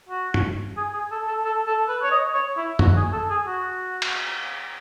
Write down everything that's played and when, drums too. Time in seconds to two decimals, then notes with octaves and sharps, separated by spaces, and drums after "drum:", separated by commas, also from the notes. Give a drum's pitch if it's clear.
0.09 F#4
0.34 drum: tom
0.77 G#4
0.93 G#4
1.11 A4
1.27 A4
1.44 A4
1.66 A4
1.88 B4
2.02 C#5
2.11 D#5
2.33 C#5
2.57 E4
2.79 F#4, drum: tom
2.96 G#4
3.12 A4
3.30 G#4
3.46 F#4
4.02 drum: cymbal